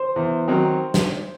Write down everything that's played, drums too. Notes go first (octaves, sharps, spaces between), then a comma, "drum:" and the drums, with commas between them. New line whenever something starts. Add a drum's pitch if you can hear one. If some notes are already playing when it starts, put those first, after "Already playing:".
Already playing: C5
E2
D#3 F#3 C4
drum: snare